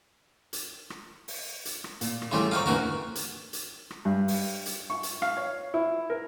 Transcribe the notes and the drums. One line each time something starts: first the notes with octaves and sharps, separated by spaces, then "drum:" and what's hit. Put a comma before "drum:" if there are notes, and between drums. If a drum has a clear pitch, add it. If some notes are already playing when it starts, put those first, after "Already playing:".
drum: hi-hat
drum: rim click
drum: open hi-hat
drum: hi-hat
drum: rim click
A#2, drum: hi-hat
drum: rim click
A1 C#3 G3 A3 E4 C6
C4 D#4 F4 C#6 F6
F1 A#2 D3 E3 F#4 A#4
drum: rim click
drum: hi-hat
drum: hi-hat
drum: rim click
G2
drum: open hi-hat
drum: hi-hat
C#6
drum: hi-hat
F5, drum: rim click
C#5
E4
A#4